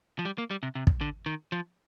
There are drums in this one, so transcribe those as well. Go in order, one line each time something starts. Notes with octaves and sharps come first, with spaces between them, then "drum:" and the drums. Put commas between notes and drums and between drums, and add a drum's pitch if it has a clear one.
F3
G3
A#3
G3
C3
C3
drum: kick
D3
D#3
F3